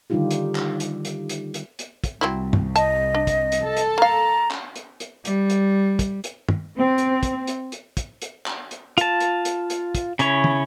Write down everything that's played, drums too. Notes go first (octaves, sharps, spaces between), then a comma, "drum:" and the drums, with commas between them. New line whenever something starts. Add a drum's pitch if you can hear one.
D3 D#3 G3 D#4 F4 G4
drum: hi-hat
drum: clap
drum: hi-hat
drum: hi-hat
drum: hi-hat
drum: hi-hat
drum: hi-hat
drum: kick, hi-hat
C2 F#3 C4 E4
drum: tom
D#5 A5, drum: hi-hat
D4
drum: kick, hi-hat
drum: hi-hat
A4 A5
drum: hi-hat
A#3 F5 A#5
drum: clap
drum: hi-hat
drum: hi-hat
G3, drum: hi-hat
drum: hi-hat
drum: kick, hi-hat
drum: hi-hat
drum: tom
C4
drum: hi-hat
drum: kick, hi-hat
drum: hi-hat
drum: hi-hat
drum: kick, hi-hat
drum: hi-hat
drum: clap
drum: hi-hat
F4 A5, drum: hi-hat
drum: hi-hat
drum: hi-hat
drum: hi-hat
drum: kick, hi-hat
C#3 C#4 E4 C#5, drum: hi-hat
drum: tom